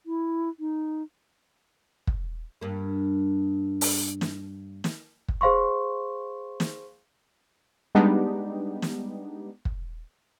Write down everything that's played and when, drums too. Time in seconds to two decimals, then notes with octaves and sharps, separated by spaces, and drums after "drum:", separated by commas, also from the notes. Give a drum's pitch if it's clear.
0.06 E4
0.60 D#4
2.07 drum: kick
2.61 G2 A#3
3.81 drum: open hi-hat
4.21 drum: snare
4.84 drum: snare
5.28 drum: kick
5.41 G#4 C5 F5 C6 C#6
6.60 drum: snare
7.95 G3 G#3 B3 D4 D#4 G4
8.82 drum: snare
9.65 drum: kick